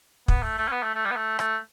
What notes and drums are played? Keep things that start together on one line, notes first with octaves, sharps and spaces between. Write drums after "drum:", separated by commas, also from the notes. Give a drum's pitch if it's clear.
B3, drum: kick
A3
A3
C#4
B3
A3
A3
G3
B3
A3
A3, drum: rim click